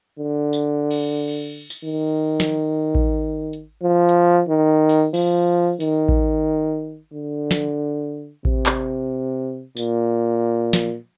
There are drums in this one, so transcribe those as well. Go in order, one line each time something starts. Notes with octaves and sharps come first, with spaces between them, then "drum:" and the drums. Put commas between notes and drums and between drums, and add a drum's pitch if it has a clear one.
D3
drum: tambourine
drum: cymbal
drum: cymbal
drum: tambourine
D#3
drum: snare
drum: kick A1
drum: hi-hat
F3
drum: hi-hat
D#3
drum: open hi-hat
F3, drum: cymbal
D#3, drum: open hi-hat
drum: kick A1
D3
drum: snare
C3, drum: kick A1
drum: clap
A#2, drum: tambourine
drum: snare